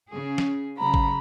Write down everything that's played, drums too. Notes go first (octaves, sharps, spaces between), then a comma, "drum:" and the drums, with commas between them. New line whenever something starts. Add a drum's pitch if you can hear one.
C#3 G#4
drum: snare
C#3 F#3 A#5 B5
drum: kick G#1